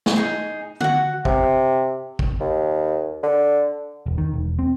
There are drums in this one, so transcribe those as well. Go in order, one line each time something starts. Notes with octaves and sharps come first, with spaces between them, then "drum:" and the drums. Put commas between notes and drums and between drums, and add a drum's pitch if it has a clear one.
drum: snare
D#4 G#4
F#4 F#5, drum: tom
C3, drum: kick
drum: kick
D#2
D3
E1
D#3
E1
C4